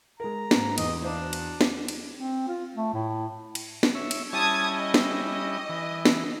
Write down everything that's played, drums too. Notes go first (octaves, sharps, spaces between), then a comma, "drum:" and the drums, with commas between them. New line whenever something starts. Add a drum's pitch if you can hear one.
G#3 A#4 A#5
G#2 A#3, drum: snare
E2 D#5, drum: cymbal
D4 E4 C5 F5
F#4
drum: cymbal
drum: snare
drum: cymbal
C4
F4
A3
A2
drum: cymbal
drum: snare
C#5 E5
drum: cymbal
G3 C#4 E4 A5 D#6 G#6
D#5
drum: snare
D#5
E3
drum: snare